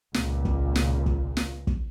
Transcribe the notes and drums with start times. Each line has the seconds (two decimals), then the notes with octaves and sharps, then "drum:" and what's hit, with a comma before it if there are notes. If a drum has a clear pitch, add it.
0.14 C#2 A#2, drum: snare
0.45 drum: kick
0.76 drum: snare
1.06 drum: kick
1.37 drum: snare
1.67 drum: kick